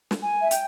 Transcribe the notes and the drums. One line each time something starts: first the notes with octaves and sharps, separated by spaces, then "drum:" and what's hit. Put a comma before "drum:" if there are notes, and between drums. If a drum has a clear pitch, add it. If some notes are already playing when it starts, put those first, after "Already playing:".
drum: snare
G#5
E5
G5, drum: hi-hat